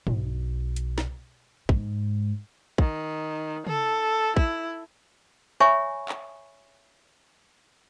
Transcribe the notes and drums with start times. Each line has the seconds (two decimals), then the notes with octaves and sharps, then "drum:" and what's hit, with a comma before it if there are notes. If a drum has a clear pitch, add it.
0.07 B1, drum: tom
0.76 drum: hi-hat
0.98 drum: snare
1.69 G#2, drum: kick
2.78 D#3, drum: kick
3.67 A4, drum: tom
4.37 E4, drum: kick
5.60 C#5 E5 G#5 B5 C#6
6.09 drum: clap